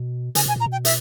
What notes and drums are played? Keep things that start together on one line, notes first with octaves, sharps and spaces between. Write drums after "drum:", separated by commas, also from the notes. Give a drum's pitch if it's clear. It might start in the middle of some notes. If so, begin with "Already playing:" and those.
Already playing: B2
C#3 G#5, drum: hi-hat
B2 G#5
A#2 A#5
B2
G5
E5, drum: hi-hat